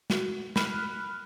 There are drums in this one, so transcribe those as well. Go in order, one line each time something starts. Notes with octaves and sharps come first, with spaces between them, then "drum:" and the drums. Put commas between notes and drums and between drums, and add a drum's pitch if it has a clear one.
F#4, drum: snare
B5 F6 F#6, drum: snare